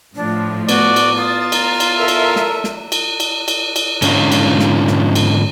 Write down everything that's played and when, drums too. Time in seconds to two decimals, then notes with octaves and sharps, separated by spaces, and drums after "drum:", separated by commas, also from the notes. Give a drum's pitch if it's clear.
0.15 A2 F3 D4
0.69 B3 F#4 B4 D5, drum: cymbal
0.96 drum: cymbal
1.17 F4 D#6 A6
1.52 A#5, drum: cymbal
1.80 drum: cymbal
1.97 A4 A#4 E5
2.08 drum: cymbal
2.36 drum: snare
2.64 drum: snare
2.92 drum: cymbal
3.20 drum: cymbal
3.48 drum: cymbal
3.76 drum: cymbal
4.02 G#2 D3 C#4 D#4 F4, drum: cymbal
4.32 drum: cymbal
4.60 drum: snare
4.88 drum: snare
5.15 drum: cymbal